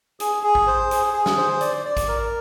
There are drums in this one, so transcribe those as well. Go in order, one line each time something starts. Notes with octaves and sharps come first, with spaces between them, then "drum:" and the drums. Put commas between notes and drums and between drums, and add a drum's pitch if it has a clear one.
G#4, drum: hi-hat
G#4
drum: kick A1
C5
G#4, drum: hi-hat
G#4
drum: snare
C5
D5, drum: hi-hat
D5
drum: kick A1, hi-hat
A#4